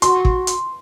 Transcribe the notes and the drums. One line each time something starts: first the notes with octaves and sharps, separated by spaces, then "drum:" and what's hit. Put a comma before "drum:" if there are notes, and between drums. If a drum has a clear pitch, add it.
F#4 C6, drum: hi-hat
drum: kick
drum: hi-hat